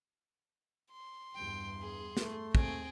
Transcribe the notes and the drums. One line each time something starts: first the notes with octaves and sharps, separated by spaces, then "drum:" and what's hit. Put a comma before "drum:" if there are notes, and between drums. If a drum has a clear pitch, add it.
C6
E2 G2 G5
G#4
A3, drum: snare
D#2 C4 G#4 G5, drum: kick